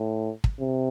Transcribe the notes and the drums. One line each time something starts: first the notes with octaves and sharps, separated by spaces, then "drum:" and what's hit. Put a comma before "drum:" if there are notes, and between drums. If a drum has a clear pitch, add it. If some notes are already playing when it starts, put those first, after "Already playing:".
Already playing: A2
drum: kick
C3